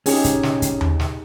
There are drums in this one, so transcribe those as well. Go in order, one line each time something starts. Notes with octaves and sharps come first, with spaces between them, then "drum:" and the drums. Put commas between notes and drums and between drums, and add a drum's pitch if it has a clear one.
C#4 D#4 G4 G#4, drum: open hi-hat
drum: kick, hi-hat
drum: snare
drum: kick, hi-hat
drum: tom D#2
drum: snare